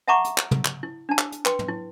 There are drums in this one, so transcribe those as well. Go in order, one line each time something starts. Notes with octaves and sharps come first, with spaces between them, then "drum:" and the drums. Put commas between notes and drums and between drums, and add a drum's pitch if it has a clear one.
E5 F#5 A5 A#5 C#6 D6
drum: hi-hat
drum: clap
drum: tom
drum: clap
E4
D4 A5
drum: clap
drum: hi-hat
B4 G5 C6, drum: clap
drum: tom
E4